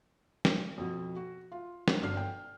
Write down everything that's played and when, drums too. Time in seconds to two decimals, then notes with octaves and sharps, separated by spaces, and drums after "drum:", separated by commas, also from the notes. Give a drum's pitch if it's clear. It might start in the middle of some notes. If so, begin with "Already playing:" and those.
0.45 drum: snare
0.78 F2 B2
1.16 F#4
1.52 F4
1.88 drum: snare
2.02 G1 B2 D4 F6 C7
2.17 G5